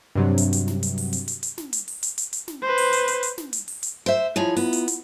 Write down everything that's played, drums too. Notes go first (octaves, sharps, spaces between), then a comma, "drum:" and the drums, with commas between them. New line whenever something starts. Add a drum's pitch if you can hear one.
G2 C3 F#3
drum: hi-hat
drum: hi-hat
drum: snare
drum: hi-hat
drum: open hi-hat
drum: hi-hat
drum: hi-hat
drum: hi-hat
drum: snare
drum: hi-hat
drum: open hi-hat
drum: hi-hat
drum: hi-hat
drum: hi-hat
drum: snare
B4 C5
drum: open hi-hat
drum: hi-hat
drum: hi-hat
drum: hi-hat
drum: snare
drum: hi-hat
drum: open hi-hat
drum: hi-hat
C5 E5
F3 E4 F4 G#4 C#5
B3, drum: open hi-hat
drum: hi-hat
drum: hi-hat